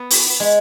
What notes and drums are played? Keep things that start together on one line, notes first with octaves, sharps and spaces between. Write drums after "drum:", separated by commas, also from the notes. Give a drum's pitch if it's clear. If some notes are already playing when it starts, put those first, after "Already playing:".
Already playing: B3
drum: open hi-hat
G#3